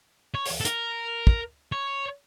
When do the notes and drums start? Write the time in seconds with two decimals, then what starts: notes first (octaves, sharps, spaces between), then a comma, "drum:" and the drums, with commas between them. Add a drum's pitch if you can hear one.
0.34 C#5
0.46 drum: open hi-hat
0.60 A4
0.65 A#4, drum: hi-hat
1.27 drum: kick
1.72 C#5